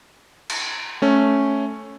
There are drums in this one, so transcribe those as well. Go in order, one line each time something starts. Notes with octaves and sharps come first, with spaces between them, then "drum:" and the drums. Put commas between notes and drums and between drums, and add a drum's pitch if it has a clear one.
drum: cymbal
A3 C#4